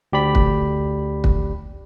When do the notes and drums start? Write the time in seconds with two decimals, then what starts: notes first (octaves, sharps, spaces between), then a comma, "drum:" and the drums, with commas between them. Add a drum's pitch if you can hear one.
0.13 D2 G4 D5 B5 B6
0.35 drum: kick
1.24 drum: kick